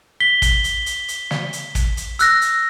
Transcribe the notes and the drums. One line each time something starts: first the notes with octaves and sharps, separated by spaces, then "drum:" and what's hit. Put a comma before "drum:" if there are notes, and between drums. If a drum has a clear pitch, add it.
B6 G7
drum: kick, hi-hat
drum: hi-hat
drum: hi-hat
drum: hi-hat
drum: snare
drum: hi-hat
drum: kick, hi-hat
drum: hi-hat
E6 F#6 A#6, drum: hi-hat
drum: hi-hat